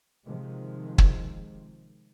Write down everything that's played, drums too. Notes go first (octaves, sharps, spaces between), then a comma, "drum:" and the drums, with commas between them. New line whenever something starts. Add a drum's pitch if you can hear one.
C3 D#3 F3 G#3
drum: kick